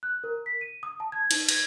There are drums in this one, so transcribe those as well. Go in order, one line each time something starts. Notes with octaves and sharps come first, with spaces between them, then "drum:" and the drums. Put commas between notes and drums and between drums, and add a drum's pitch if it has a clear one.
F#6
A#4
B6
D#7
D#6
A5
G#6
D#4, drum: cymbal
G#6, drum: cymbal